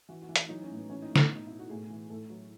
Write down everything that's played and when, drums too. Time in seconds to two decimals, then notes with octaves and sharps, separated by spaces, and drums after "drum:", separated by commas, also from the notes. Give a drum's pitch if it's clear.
0.09 E3 F#4
0.22 F#4
0.29 E3
0.36 E4, drum: hi-hat
0.49 F#3 D#4
0.63 C#4
0.70 A2
0.77 B3
0.90 E3 C#4
1.02 D#4
1.09 A2
1.16 E4, drum: snare
1.29 B2
1.36 D#4
1.47 B2 E4
1.59 F#4
1.69 A2 G#4
1.90 E3
2.10 A2 A4
2.30 F#3